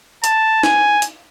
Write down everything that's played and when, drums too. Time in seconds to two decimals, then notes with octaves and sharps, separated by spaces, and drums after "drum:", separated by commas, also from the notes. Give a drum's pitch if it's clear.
0.24 A5, drum: hi-hat
0.63 G#5, drum: snare
1.02 drum: hi-hat